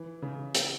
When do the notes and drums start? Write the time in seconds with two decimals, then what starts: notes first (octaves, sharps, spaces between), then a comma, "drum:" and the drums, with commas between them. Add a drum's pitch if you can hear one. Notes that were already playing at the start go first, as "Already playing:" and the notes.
Already playing: E3
0.22 C#3
0.55 drum: hi-hat